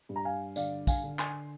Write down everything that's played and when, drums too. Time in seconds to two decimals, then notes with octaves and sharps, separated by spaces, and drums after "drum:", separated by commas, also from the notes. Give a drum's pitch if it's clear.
0.09 G2
0.16 A#5
0.25 F5 G#5
0.56 D3 D5 F5, drum: tambourine
0.87 F5 G#5, drum: kick, tambourine
1.03 D3
1.19 G#5 C6, drum: clap